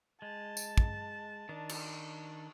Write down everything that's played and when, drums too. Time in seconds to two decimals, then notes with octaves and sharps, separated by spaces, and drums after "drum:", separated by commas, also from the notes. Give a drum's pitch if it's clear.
0.22 G#3 A5
0.57 drum: tambourine
0.78 drum: kick
1.49 D#3 D4
1.69 drum: cymbal